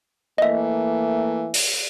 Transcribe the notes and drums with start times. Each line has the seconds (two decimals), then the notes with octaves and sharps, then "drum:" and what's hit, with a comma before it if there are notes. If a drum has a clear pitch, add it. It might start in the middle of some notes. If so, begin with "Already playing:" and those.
0.38 E3 A3 A#3 D#5 E5
1.54 drum: open hi-hat